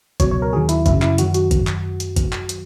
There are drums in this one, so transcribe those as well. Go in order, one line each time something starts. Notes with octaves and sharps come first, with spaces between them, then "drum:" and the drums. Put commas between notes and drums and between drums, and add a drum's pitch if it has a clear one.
C#2 B2 F#3 C#5, drum: kick, hi-hat
C#5
A#4
D#2 D#3 F#3 G#4
E4, drum: hi-hat
F#2 C#3 F#3 E4, drum: kick, hi-hat
E4, drum: clap
F#2 D#3 F#3 F#4, drum: hi-hat
F#4, drum: hi-hat
drum: kick, hi-hat
drum: clap
drum: hi-hat
drum: kick, hi-hat
drum: clap
drum: hi-hat